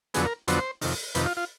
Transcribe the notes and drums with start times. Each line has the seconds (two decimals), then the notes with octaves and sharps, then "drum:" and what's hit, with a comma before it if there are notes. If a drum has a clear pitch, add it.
0.14 F2 D3 F#3 B3 G#4, drum: hi-hat
0.25 A#4
0.48 F2 D3 F#3 B3 C5, drum: hi-hat
0.81 F2 C3 D#3, drum: open hi-hat
1.15 F2 C3 D#3 B4, drum: hi-hat
1.26 F4
1.37 F4